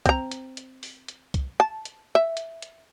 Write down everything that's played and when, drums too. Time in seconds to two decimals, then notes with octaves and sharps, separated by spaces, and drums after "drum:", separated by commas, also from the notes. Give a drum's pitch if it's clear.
0.06 C4 A#5, drum: kick C2, hi-hat
0.31 drum: hi-hat
0.57 drum: hi-hat
0.83 drum: open hi-hat
1.08 drum: hi-hat
1.34 drum: kick C2, hi-hat
1.60 A5
1.85 drum: hi-hat
2.15 E5
2.37 drum: hi-hat
2.62 drum: hi-hat